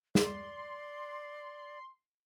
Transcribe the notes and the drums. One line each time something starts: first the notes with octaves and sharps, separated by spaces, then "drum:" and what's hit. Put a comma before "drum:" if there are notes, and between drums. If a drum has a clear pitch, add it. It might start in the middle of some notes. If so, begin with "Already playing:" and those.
D5 C6, drum: snare